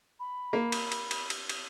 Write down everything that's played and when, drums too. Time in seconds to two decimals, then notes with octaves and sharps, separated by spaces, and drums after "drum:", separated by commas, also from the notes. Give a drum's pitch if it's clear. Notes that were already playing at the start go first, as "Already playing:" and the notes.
0.20 B5
0.53 A#3
0.72 drum: cymbal
0.92 drum: cymbal
1.11 drum: cymbal
1.30 drum: cymbal
1.49 drum: cymbal